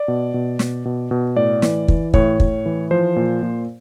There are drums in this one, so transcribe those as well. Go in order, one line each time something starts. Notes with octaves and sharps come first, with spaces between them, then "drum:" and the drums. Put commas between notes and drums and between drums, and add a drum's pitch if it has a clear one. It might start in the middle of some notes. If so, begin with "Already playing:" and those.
Already playing: D5
B2
B2
B2, drum: snare
B2
B2
A2 D5
E3, drum: snare
E3, drum: kick
A2 C#5, drum: kick
A2, drum: kick
E3
F3 C5
A#2
A#2